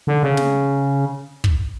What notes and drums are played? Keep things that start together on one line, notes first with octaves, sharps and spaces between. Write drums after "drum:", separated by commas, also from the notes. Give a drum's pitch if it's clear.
D3
C#3
drum: snare
drum: kick